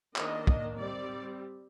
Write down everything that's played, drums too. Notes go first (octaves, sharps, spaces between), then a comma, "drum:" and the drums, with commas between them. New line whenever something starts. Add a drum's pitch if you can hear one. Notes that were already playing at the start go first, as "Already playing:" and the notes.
D#3 A#3 D4 D#5, drum: clap
drum: kick
G3 C4 D5